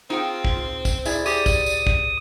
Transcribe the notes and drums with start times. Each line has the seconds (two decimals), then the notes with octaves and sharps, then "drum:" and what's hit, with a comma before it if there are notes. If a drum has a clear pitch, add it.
0.10 C4 D#4 F4 G#4 G5
0.45 drum: kick A#1
0.85 drum: kick A#1, tambourine
1.05 G#2 E4 G#4 D5, drum: tambourine
1.26 G4 G#4 C5 D#6, drum: tambourine
1.46 drum: kick A#1, tambourine
1.66 drum: tambourine
1.87 drum: kick A#1